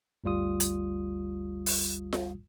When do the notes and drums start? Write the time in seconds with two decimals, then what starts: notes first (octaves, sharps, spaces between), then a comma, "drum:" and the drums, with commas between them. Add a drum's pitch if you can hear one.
0.24 G1 D2 G3 F4 D#6
0.60 drum: hi-hat
1.66 drum: open hi-hat
2.13 drum: snare F4